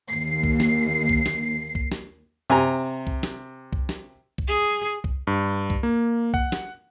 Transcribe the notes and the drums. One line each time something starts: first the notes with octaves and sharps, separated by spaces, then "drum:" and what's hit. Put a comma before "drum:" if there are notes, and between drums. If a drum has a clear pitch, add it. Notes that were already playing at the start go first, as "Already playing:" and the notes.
D#2 C7
drum: kick
drum: snare
drum: kick
drum: snare
drum: kick
drum: snare
C3 G#5 A#5
drum: kick
drum: snare
drum: kick
drum: snare
drum: kick
G#4
drum: kick
G2
drum: kick
A#3
F#5, drum: kick
drum: snare